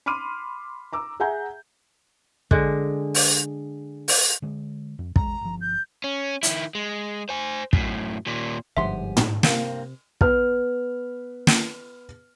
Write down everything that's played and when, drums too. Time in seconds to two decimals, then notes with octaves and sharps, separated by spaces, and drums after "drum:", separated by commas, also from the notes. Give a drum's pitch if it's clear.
0.06 B5 C6 D6 F6 D#7
0.93 A#5 D6 E6
1.20 G#4 E5 F#5 G#5 A#5 G6
2.51 D3 G#3, drum: kick
3.15 drum: open hi-hat
4.08 drum: open hi-hat
4.42 D3 G#3
4.99 F2
5.16 E1 G#3 A#5, drum: kick
5.41 G1 F3
5.61 G6
6.04 C#4
6.43 D#3 E4, drum: hi-hat
6.75 G#3
7.29 C5 G#5
7.73 F#2 A2, drum: kick
8.26 D#2 A#2
8.77 G1 G#2 F3 G4 E5 F#5 G#5 C6
9.17 drum: tom
9.43 G2 C3 A#3 C4, drum: snare
10.21 B3 B4 F6, drum: kick
11.47 drum: snare